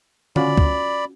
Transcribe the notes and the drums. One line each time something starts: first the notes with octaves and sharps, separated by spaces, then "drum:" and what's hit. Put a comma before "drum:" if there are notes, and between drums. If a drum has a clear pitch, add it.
C#4 F4 F#4 D5 B5, drum: tom D3
drum: kick